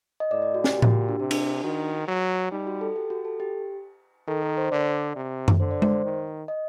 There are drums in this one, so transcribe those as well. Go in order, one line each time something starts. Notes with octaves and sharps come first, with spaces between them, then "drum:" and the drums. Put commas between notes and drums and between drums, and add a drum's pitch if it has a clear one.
D#5
A2 D5
D5
F#4
G4, drum: snare
A#2 G4
F#4, drum: tom A2
G4
D4
C3 D4
D4, drum: cymbal
D4
D#3 F#4
F#3
G3 D#4
F#4
A4
G4
F#4
A4
G4
D#3 A4
A#4
C5
D3 D5
C3
drum: tom F#2
D3 C5
D5
C5, drum: tom G#3
D#3
D#5